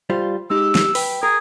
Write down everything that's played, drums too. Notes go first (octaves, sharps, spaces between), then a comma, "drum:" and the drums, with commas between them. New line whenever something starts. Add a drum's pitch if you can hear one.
G3 F4 C5
G#3 D#4 G4 E6
drum: snare
B4 G5, drum: open hi-hat
G#4 A#4